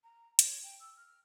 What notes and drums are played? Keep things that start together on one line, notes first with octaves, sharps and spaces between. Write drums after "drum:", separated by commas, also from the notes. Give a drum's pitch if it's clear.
A#5
C#5, drum: hi-hat
G5
E6
F6